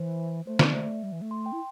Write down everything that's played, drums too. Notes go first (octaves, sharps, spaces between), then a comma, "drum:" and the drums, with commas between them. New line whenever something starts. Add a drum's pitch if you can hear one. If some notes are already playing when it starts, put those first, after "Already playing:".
Already playing: E3 C5
A3 C5
C4 D5, drum: snare
A3 E5
G3
E3
A3
C6
G5
E4